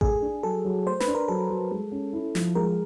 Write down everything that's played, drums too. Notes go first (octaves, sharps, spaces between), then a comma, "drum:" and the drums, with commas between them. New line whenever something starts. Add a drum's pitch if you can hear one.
A3 G#4, drum: kick A1
D4
F#3 A4
F#3
A3 C5
B4, drum: snare
D4
A#4
F#3 A4
F#3
G#3
C#4
E4
F3, drum: snare
G#3 A#4